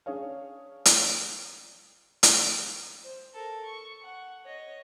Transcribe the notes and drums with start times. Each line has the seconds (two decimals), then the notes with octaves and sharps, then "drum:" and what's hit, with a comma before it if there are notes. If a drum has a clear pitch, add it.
0.06 C#4 D4 G#4 C#5 F5
0.85 drum: hi-hat
2.23 drum: hi-hat
3.03 C5
3.34 A4 A#4
3.64 C#6
4.03 F#5
4.44 C#5 D#5